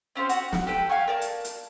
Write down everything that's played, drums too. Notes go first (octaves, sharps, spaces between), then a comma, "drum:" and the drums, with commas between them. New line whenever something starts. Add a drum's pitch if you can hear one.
C4 C#4 F4 C5
F#4, drum: hi-hat
drum: snare
G4 A4 B4 G5
F5 G5 G#5 C#6
A#4 D5 A5
drum: hi-hat
drum: hi-hat